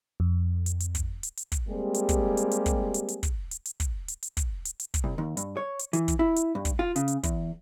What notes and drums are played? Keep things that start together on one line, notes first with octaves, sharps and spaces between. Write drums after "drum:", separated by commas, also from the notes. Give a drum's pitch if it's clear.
F2
drum: hi-hat
drum: hi-hat
drum: kick, hi-hat
drum: hi-hat
drum: hi-hat
drum: kick, hi-hat
G3 G#3 A#3 C4 G4 G#4
drum: hi-hat
drum: kick, hi-hat
drum: hi-hat
drum: hi-hat
drum: kick, hi-hat
drum: hi-hat
drum: hi-hat
drum: kick, hi-hat
drum: hi-hat
drum: hi-hat
drum: kick, hi-hat
drum: hi-hat
drum: hi-hat
drum: kick, hi-hat
drum: hi-hat
drum: hi-hat
drum: kick, hi-hat
C2
D#2
G2, drum: hi-hat
C#5
drum: hi-hat
E3, drum: hi-hat
drum: kick, hi-hat
E4
drum: hi-hat
G2
drum: kick, hi-hat
F4
C#3, drum: hi-hat
drum: hi-hat
E2, drum: kick, hi-hat